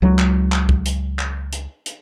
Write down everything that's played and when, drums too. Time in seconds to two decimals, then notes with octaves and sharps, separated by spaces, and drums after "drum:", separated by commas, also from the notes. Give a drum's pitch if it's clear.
0.02 C#2 F#3
0.19 drum: clap
0.52 drum: clap
0.69 drum: kick C2
0.86 drum: hi-hat
1.19 drum: clap
1.53 drum: hi-hat
1.86 drum: hi-hat